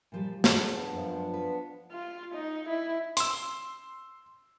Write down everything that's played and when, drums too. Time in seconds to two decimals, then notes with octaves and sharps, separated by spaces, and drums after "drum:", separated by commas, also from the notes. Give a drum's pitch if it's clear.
0.12 A#2 F3 G3
0.44 B3 D4 G#4 D5, drum: snare
0.93 F#2 F3
1.34 B4
1.92 F4
2.34 D#4
2.69 E4
3.17 C6 E6, drum: hi-hat